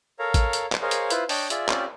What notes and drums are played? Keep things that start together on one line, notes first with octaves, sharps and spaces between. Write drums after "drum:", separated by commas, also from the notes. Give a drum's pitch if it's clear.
A4 A#4 C#5 F5 A#5
drum: kick A1, hi-hat
drum: hi-hat
drum: clap
G#4 A#4 C5 C#5 D#5 F5
drum: hi-hat
E4 F4 B4 C5 B5, drum: hi-hat
D4 C#5 D#5 G5 A5 G6, drum: open hi-hat
F4 G#4 D5 E5, drum: hi-hat
C4 C#4 F4 G4 D5, drum: clap